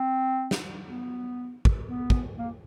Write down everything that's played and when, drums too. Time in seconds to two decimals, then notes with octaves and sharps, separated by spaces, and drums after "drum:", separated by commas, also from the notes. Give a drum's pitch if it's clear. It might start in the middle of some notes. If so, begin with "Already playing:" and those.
Already playing: C4
0.51 drum: snare
0.86 B3
1.65 drum: kick
1.88 B3
2.10 drum: kick
2.38 A#3